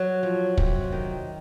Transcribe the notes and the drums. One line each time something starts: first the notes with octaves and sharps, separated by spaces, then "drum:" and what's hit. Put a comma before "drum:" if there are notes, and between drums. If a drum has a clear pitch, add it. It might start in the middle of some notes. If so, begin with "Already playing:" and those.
Already playing: F#3
F3
C3, drum: kick
D#3